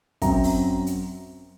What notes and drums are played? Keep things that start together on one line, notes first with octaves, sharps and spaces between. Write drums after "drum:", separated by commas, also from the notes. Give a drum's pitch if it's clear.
F#2 F#3 C4 A#5, drum: kick, hi-hat
drum: open hi-hat
drum: hi-hat